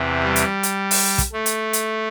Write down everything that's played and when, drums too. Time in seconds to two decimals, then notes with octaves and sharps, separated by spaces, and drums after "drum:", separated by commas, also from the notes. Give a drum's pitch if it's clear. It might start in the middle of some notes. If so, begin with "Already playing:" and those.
Already playing: E2 C3 E3
0.22 G3
0.36 drum: hi-hat
0.63 drum: hi-hat
0.91 drum: open hi-hat
1.18 drum: kick, hi-hat
1.32 A3
1.46 drum: hi-hat
1.73 drum: hi-hat